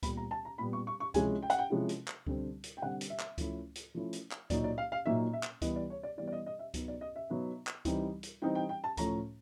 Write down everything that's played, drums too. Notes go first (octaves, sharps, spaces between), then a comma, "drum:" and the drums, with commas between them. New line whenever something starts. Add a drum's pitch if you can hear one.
A#2 G3 B3 B5, drum: kick C#2, hi-hat
A#5
A5
A#5
A#2 G3 B3 B5
C#6
C#6
C#6
C3 F3 G#3 C#4 E4 G#5, drum: kick C#2, hi-hat
G5
F#5, drum: hi-hat
G5
C3 F3 G#3 C#4 E4
drum: hi-hat
drum: clap
D3 G3 C4, drum: kick C#2
drum: hi-hat
G5
D3 G3 C4 F#5
drum: hi-hat
E5
drum: clap
F3 A3 C#4 E4, drum: kick C#2, hi-hat
drum: hi-hat
F3 A3 C#4 E4
drum: hi-hat
drum: clap
A#2 F#3 A#3 D#4 D5, drum: kick C#2, hi-hat
D5
F5
F5
A#2 F#3 A#3 D#4 E5
E5
drum: clap
E3 G3 B3 D#5, drum: kick C#2, hi-hat
D5
C#5
D5
E3 G3 B3 D5
D5
D#5
D#5
E5
F#3 B3 D#4, drum: kick C#2, hi-hat
D5
D#5
E5
F#3 B3 D#4
drum: clap
E3 G3 C4 D#4, drum: kick C#2, hi-hat
drum: hi-hat
E3 G3 C4 D#4 G5
G5
G5
A5
A2 F3 A3 C#4 A#5, drum: kick C#2, hi-hat